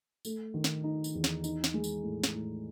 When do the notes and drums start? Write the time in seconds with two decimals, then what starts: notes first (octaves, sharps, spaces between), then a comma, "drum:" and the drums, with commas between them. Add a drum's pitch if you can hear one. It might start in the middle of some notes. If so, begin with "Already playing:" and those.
0.25 A3, drum: tambourine
0.54 D#3
0.64 drum: snare
0.84 D#4
1.04 drum: tambourine
1.15 E2
1.24 drum: snare
1.44 D#4, drum: tambourine
1.64 drum: snare
1.74 G#3
1.84 drum: tambourine
2.03 A2
2.24 drum: snare
2.33 A2